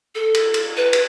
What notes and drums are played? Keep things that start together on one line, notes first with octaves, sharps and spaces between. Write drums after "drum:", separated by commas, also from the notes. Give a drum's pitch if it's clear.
A4
drum: cymbal
drum: cymbal
B4
drum: cymbal